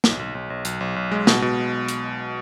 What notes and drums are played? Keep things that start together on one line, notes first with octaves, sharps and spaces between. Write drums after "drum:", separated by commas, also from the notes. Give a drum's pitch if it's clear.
B1, drum: snare
B1
B1
B1
B1, drum: hi-hat
B1
B1
G#3
B2, drum: snare
B2
drum: hi-hat